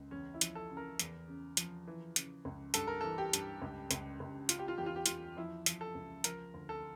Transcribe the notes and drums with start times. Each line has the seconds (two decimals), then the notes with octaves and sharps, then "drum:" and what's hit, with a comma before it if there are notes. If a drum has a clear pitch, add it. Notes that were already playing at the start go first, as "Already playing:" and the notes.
Already playing: C#2
0.11 E2 C#4
0.34 E4
0.41 F3, drum: hi-hat
0.55 A4
0.70 C#3
0.77 A#4
0.99 E2, drum: hi-hat
1.28 C#3
1.57 F3, drum: hi-hat
1.87 E3
2.16 C#3, drum: hi-hat
2.45 C#2
2.74 G2 A4, drum: hi-hat
2.87 A#4
3.01 E3 A4
3.18 G4
3.33 G2, drum: hi-hat
3.62 C#2
3.91 C#2, drum: hi-hat
4.20 C#2
4.49 C#3 F4, drum: hi-hat
4.59 G4
4.68 F4
4.78 E2 G4
4.86 F4
4.96 G4
5.06 E2 F4, drum: hi-hat
5.37 F3 E4
5.66 F3, drum: hi-hat
5.81 A4
5.95 C#2
6.24 F3 A#4, drum: hi-hat
6.54 D2
6.69 A4